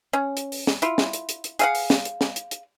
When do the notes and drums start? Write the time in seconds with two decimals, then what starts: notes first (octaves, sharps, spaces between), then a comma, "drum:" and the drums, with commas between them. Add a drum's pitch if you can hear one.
0.13 C#4
0.37 drum: hi-hat
0.52 drum: open hi-hat
0.67 drum: snare
0.82 E4 F4, drum: hi-hat
0.98 drum: snare
1.13 drum: hi-hat
1.29 drum: hi-hat
1.44 drum: hi-hat
1.59 G#4 F5 F#5, drum: hi-hat
1.75 drum: open hi-hat
1.90 drum: snare
2.05 drum: hi-hat
2.21 drum: snare
2.36 drum: hi-hat
2.51 drum: hi-hat